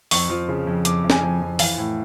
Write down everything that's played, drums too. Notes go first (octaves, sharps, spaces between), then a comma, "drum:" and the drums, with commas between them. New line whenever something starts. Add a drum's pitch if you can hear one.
F2 C#6, drum: open hi-hat
F3
C#3
F2
F2 D6, drum: hi-hat
F2
G#5, drum: snare
F2
F2
E3 F5, drum: open hi-hat
A2